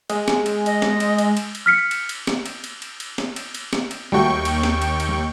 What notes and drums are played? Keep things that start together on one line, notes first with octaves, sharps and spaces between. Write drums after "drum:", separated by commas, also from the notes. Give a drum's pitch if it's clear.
G#3, drum: cymbal
drum: snare
drum: cymbal
D#5, drum: cymbal
drum: snare
drum: cymbal
drum: cymbal
drum: cymbal
drum: cymbal
F6 B6 C#7
drum: cymbal
drum: cymbal
drum: snare
drum: cymbal
drum: cymbal
drum: cymbal
drum: cymbal
drum: snare
drum: cymbal
drum: cymbal
drum: snare
drum: cymbal
D#2 G3 A3 F#4 G5 C#6
drum: cymbal
drum: snare
drum: cymbal
drum: cymbal